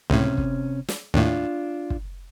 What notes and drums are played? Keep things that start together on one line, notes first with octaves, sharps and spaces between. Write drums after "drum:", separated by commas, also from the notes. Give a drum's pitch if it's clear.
C#2 A2 C3 C#4
drum: kick
drum: snare
D#2 A2 D4 F4
drum: kick